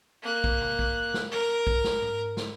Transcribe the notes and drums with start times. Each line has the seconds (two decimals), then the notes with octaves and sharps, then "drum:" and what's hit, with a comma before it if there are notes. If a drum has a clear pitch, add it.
0.23 A#3 F#6
0.44 drum: kick
0.61 drum: tom C3
0.79 drum: kick
1.14 drum: snare
1.32 A#4
1.67 drum: kick
1.84 drum: snare
2.02 drum: tom G#2
2.37 drum: snare